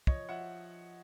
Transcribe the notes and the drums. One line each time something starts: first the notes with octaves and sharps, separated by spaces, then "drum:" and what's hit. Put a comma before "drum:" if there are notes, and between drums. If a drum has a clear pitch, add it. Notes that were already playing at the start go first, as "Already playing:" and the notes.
F3 C#5 D#5, drum: kick
F3 E5 F#5